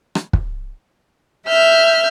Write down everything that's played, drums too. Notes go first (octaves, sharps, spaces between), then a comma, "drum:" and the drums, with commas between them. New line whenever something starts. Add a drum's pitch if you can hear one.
drum: rim click
drum: kick
E5 F6 G6